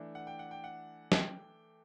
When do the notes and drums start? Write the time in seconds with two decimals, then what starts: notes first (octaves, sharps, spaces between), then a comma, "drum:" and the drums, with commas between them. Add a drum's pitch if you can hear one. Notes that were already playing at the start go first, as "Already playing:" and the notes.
Already playing: E3 A3 D4
0.15 F#5
0.27 G5
0.39 F#5
0.51 G5
0.64 F#5
1.12 G5, drum: snare